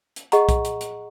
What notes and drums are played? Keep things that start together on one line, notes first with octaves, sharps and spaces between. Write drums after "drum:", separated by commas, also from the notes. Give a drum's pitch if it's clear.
drum: hi-hat
G#4 D#5 F#5 A#5 C#6, drum: hi-hat
drum: kick B1, hi-hat
drum: hi-hat
drum: hi-hat